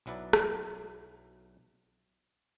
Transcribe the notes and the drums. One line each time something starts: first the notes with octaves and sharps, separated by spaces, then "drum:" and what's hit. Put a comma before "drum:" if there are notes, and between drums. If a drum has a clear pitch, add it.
B1 F#3 E4 B4 D5
drum: rim click